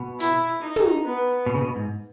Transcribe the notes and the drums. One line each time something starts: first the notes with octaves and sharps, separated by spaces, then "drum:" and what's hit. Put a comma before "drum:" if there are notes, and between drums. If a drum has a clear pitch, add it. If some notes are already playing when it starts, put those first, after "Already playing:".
Already playing: B2
E4, drum: hi-hat
D#4
drum: tom
B3
B2
C#3
B2
G#2